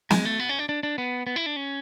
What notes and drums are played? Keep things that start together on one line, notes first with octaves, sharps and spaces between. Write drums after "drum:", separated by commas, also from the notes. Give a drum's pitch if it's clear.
G#3, drum: snare
A3
B3
C#4
D4
D4
D4
B3
B3
E4
D4
C#4